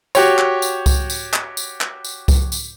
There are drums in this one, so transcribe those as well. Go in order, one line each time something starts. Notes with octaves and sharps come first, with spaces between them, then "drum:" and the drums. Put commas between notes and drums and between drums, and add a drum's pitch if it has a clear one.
F#4 G4 C#5, drum: tambourine
drum: clap
drum: tambourine
drum: kick C2, tambourine
drum: tambourine
drum: clap
drum: tambourine
drum: clap
drum: tambourine
drum: kick C2, tambourine
drum: tambourine